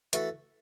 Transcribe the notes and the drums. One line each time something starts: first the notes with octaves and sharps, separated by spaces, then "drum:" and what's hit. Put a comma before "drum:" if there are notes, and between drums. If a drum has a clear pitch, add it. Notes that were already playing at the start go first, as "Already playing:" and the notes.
E3 A3 F#4 A4, drum: hi-hat